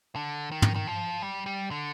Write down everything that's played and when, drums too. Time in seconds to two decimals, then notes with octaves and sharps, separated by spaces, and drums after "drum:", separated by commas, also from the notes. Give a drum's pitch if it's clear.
0.16 D3
0.52 D#3
0.62 drum: tom
0.76 D#3
0.87 F3
1.22 G3
1.46 G3
1.71 D3